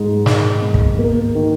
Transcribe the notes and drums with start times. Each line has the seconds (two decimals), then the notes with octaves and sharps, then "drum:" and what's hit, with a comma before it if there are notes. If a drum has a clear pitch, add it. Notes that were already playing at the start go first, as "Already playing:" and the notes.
Already playing: G#2 G#3
0.26 D#3, drum: snare
0.62 G#2
0.74 drum: kick
0.98 A#3
1.35 D#3